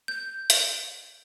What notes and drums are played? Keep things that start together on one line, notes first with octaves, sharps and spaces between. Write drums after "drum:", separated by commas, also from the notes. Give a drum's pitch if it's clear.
G6
drum: hi-hat